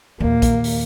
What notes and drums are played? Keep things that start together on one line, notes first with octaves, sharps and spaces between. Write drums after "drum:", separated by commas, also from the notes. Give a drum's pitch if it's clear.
D#2 A#2 A#3, drum: tom D#3
drum: kick A#1, hi-hat
drum: open hi-hat